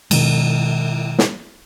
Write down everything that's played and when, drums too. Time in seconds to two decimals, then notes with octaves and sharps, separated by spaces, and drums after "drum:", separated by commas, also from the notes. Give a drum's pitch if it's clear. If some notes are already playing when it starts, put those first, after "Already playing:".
0.11 B2 D#3 G#3, drum: cymbal
1.19 drum: snare